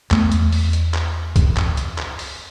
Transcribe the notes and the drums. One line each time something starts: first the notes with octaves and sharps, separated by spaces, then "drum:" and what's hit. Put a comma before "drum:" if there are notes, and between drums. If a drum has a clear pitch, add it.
E2 A3, drum: clap
drum: hi-hat
drum: open hi-hat
drum: hi-hat
drum: clap
drum: kick C2, hi-hat
drum: clap
drum: hi-hat
drum: clap
drum: open hi-hat